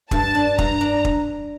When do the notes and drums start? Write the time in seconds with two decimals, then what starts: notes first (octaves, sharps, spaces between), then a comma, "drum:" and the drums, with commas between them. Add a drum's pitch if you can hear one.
0.11 G2 A5, drum: kick
0.35 D4
0.58 G2 A#5, drum: kick
0.81 D4
1.05 drum: kick